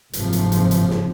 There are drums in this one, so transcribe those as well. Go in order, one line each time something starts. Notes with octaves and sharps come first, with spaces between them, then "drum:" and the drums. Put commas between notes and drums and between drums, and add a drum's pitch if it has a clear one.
F#1 G#2 C3 F3, drum: hi-hat
drum: hi-hat
drum: hi-hat
drum: hi-hat
drum: snare